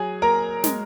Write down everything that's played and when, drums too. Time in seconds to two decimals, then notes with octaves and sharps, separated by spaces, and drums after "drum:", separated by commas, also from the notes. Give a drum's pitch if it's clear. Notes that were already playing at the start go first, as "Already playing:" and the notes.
Already playing: F#3 G#4 G#5
0.22 A#3 A#4 A#5
0.64 G#3, drum: snare